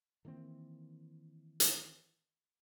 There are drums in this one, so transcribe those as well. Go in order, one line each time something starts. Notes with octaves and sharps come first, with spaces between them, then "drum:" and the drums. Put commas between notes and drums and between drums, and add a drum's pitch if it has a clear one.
D#3 E3 A#3 C4
drum: hi-hat